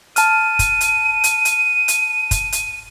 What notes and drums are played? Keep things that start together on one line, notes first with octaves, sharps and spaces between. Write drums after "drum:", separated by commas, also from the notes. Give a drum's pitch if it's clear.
A5 F6 D#7, drum: hi-hat
drum: kick F#1, hi-hat
drum: hi-hat
drum: hi-hat
drum: hi-hat
drum: hi-hat
drum: kick F#1, hi-hat
drum: hi-hat